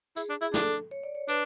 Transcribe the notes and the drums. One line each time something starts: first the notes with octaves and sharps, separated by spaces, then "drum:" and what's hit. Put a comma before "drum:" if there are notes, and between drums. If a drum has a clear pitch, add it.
E4 G#4, drum: tambourine
D4
E4 G#4
D4 A4, drum: snare
C#5
D5
C#5
D4 B4, drum: tambourine